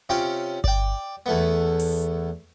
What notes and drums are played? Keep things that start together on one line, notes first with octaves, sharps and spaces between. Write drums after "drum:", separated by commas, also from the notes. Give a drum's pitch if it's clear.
C3 C#4 F4 G5
D5 G5, drum: kick G1
E2 A3 B3
drum: open hi-hat